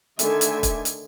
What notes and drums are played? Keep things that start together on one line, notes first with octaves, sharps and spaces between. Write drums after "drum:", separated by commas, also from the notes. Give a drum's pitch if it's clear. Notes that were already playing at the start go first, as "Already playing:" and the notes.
D3 D#3 A3 A4 E5 G#5, drum: hi-hat
drum: hi-hat
drum: kick, hi-hat
drum: hi-hat